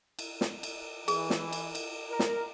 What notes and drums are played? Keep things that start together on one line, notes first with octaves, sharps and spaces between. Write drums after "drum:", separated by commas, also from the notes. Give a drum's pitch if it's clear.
drum: cymbal
drum: snare
drum: cymbal
E3 G#4, drum: cymbal
drum: snare
drum: cymbal
drum: cymbal
A#4
drum: snare